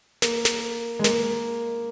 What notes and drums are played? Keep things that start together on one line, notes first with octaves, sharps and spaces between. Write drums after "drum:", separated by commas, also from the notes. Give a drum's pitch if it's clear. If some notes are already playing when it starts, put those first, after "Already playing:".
A#3, drum: snare
drum: snare
G#3
A#3, drum: snare